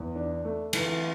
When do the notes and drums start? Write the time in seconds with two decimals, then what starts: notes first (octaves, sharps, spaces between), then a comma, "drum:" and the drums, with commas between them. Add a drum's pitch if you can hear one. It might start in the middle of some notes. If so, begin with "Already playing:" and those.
Already playing: E2
0.16 D4
0.44 A3
0.73 E3, drum: cymbal